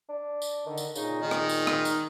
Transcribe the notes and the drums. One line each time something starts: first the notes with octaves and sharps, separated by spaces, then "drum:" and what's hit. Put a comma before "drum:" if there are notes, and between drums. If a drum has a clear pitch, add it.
D4
drum: tambourine
D3 D#3
drum: tambourine
A#2 C#3 D#4, drum: tambourine
D#3 G#3
drum: rim click
drum: tambourine
drum: rim click
drum: tambourine